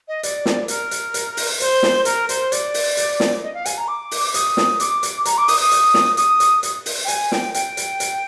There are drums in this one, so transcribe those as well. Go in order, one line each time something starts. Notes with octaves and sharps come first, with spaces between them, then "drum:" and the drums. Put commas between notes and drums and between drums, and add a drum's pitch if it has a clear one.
D#5
D5, drum: hi-hat
drum: snare
A#4, drum: hi-hat
drum: hi-hat
drum: hi-hat
drum: open hi-hat
C5, drum: hi-hat
drum: snare
A#4, drum: hi-hat
C5, drum: hi-hat
D5, drum: hi-hat
drum: open hi-hat
drum: hi-hat
drum: snare
D#5
F5
G#5, drum: hi-hat
A#5
D6
drum: open hi-hat
D#6, drum: hi-hat
drum: snare
D6, drum: hi-hat
drum: hi-hat
A#5, drum: hi-hat
D6
D#6, drum: open hi-hat
D#6
drum: hi-hat
drum: snare
D#6, drum: hi-hat
drum: hi-hat
drum: hi-hat
drum: open hi-hat
G5
G#5, drum: hi-hat
G5, drum: snare
G5, drum: hi-hat
drum: hi-hat
drum: hi-hat